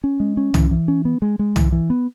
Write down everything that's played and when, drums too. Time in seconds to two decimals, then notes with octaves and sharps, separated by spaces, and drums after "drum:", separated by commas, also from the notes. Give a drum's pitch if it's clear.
0.04 C#4
0.20 G#3
0.37 C#4
0.54 E3, drum: tom
0.71 E3
0.88 C#4
1.05 B3
1.22 G#3
1.39 G#3
1.56 E3, drum: tom
1.72 E3
1.90 B3